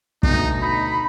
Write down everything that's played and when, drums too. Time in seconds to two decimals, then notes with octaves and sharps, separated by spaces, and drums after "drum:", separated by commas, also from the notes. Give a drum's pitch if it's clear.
0.23 D2 B2 D#4, drum: kick
0.62 D#4 B5